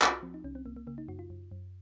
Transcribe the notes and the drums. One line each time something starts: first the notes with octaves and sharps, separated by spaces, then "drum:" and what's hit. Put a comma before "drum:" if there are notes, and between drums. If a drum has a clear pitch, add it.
C2 F#4, drum: clap
F4
F#4
F3 C4
D#4
C2 C#4
C4
C2 A#3
A#3
C#3 A#3
D#4
F#2 F#4
F4
F#2
F#2